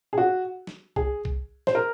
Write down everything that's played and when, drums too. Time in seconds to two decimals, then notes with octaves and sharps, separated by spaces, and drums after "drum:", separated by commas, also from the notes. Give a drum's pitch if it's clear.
0.13 G#4
0.18 F#4
0.67 drum: snare
0.96 G#4, drum: kick C2
1.25 drum: kick C2
1.67 C5, drum: snare
1.75 A#4